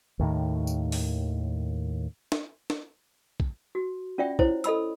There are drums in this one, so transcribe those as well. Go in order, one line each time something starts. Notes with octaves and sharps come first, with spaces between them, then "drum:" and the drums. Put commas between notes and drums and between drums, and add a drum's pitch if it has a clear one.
D#2 A2 D#3
drum: tambourine
drum: open hi-hat
drum: snare
drum: snare
drum: kick
F#4
C#4 F4 D5 E5 G5
E4 C5 C#5, drum: kick
A4 D#5 B5 E6, drum: hi-hat